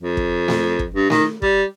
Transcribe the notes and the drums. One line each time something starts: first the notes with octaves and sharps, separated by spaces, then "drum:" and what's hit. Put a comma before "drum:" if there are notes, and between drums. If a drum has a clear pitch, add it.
F2
drum: kick
drum: snare A3
drum: kick
G2
D#3, drum: snare A3
G3, drum: kick